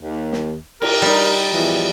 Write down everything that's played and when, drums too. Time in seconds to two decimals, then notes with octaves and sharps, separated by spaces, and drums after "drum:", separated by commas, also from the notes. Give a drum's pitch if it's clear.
0.03 D#2
0.33 drum: snare
0.82 G4 A#4, drum: cymbal
1.02 G3 D#4
1.54 E2 E3 F3